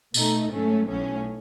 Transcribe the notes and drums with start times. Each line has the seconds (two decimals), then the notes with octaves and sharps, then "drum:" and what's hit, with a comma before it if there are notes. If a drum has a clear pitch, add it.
0.14 B2 A3 D#4, drum: tambourine
0.51 G#2 F#3 A3 C#4
0.88 B1 A2 F#3 C#4